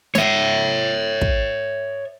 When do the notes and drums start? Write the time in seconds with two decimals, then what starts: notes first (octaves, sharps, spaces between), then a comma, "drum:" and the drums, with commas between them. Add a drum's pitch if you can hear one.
0.15 C#5 E5, drum: snare
1.21 drum: kick